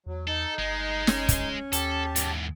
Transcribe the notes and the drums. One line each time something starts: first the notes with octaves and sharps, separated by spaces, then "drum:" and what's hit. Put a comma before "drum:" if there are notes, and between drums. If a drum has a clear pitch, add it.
E2 F#3
D#4 A4
G1 G#3
C#4, drum: snare
drum: kick, hi-hat
D#2 G4 A4 A5, drum: hi-hat
E2 G#2, drum: hi-hat